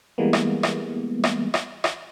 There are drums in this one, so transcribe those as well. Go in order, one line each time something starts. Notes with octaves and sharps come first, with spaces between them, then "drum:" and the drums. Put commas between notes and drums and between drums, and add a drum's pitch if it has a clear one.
E3 G3 G#3 A#3 B3
drum: rim click
drum: rim click
drum: rim click
drum: rim click
drum: rim click